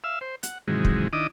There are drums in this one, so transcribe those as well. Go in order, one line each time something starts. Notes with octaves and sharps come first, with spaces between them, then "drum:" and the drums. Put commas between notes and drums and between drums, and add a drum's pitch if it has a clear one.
E5 F5 E6
C5
F#5, drum: hi-hat
G#2 C3 D#3 E3 F#3 G#3
drum: kick
D#3 D4 E4 D#5 D6 D#6